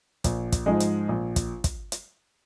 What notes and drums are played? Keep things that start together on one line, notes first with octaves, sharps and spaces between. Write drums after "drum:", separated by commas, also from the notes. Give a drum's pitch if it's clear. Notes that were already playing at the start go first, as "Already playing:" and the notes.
A#1, drum: kick, hi-hat
drum: kick, hi-hat
G#2 F3 G#3
drum: hi-hat
A#1
drum: kick, hi-hat
drum: kick, hi-hat
drum: hi-hat